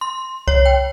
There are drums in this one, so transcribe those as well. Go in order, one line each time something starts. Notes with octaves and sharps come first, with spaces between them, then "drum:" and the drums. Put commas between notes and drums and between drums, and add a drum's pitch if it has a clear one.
C6
C#5, drum: kick C2
G5